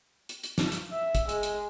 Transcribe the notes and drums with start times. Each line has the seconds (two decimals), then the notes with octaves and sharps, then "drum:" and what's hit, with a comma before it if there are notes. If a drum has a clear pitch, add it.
0.29 drum: hi-hat
0.43 drum: hi-hat
0.58 drum: snare
0.72 drum: hi-hat
0.92 E5
1.15 drum: kick, hi-hat
1.29 G#3, drum: hi-hat
1.43 drum: hi-hat